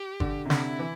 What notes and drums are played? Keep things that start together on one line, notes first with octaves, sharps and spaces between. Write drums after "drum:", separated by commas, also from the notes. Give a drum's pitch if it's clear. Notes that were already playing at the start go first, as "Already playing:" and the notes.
Already playing: G4
D3, drum: kick G1
C3
D3 E4, drum: snare
E3